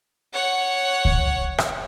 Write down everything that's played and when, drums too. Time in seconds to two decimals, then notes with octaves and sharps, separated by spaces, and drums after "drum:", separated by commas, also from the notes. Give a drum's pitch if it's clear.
0.34 C#5 F#5
1.05 drum: kick C#2
1.58 drum: rim click